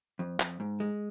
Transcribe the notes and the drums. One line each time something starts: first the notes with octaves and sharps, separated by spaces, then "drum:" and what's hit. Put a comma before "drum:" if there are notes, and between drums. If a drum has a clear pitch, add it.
F2
F2, drum: clap
G#2
G#3